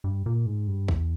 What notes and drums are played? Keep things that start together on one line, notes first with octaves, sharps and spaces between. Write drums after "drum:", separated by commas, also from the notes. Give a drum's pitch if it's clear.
G2
A#2
G#2
G2
E2, drum: kick A#1